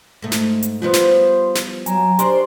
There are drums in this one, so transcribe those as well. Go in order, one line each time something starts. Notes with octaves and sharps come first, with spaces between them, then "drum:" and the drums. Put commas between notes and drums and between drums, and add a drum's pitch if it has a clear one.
G#2 A3
drum: snare
drum: hi-hat
F3 G3 B3 F4 C5
drum: snare
drum: snare
F#3 G#5 A#5, drum: hi-hat
D4 G4 A#4 C5 C6, drum: hi-hat